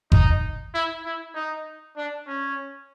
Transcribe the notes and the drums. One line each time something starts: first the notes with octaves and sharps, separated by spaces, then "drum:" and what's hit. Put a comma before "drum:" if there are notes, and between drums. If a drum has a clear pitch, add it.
D#4, drum: kick F#1
E4
E4
D#4
D4
C#4